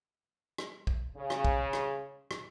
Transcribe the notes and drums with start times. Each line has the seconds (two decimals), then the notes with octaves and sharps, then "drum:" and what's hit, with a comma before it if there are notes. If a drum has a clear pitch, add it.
0.58 drum: rim click
0.87 drum: kick
1.16 C#3
1.30 drum: rim click
1.45 drum: kick
1.73 drum: rim click
2.31 drum: rim click